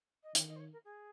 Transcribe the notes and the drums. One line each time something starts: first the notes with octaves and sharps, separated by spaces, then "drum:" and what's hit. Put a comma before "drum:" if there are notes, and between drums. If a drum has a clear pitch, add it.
D#5
D#3 C#5, drum: hi-hat
D#5
C5
C#5
A#4
G#4